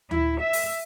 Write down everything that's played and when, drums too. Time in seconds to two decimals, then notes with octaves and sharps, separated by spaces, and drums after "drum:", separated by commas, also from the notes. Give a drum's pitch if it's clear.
0.11 E4, drum: tom D2
0.41 E5
0.53 drum: open hi-hat